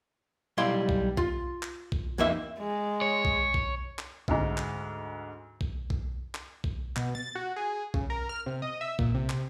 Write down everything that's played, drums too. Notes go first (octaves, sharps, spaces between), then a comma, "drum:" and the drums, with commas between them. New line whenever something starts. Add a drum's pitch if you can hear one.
B1 G3 E4 D5 F5 C6
drum: kick B1
F4, drum: kick B1
drum: clap
drum: kick B1
F2 E3 A#3 D#4 E5
G#3
C#5
drum: kick B1
drum: kick B1
drum: clap
D2 G#2, drum: kick B1
drum: clap
drum: kick B1
drum: kick B1
drum: clap
drum: kick B1
B2, drum: clap
A6
F#4
G#4
C#3, drum: kick B1
A#4
F6
C3
D#5
E5
A#2, drum: kick B1
C3
drum: clap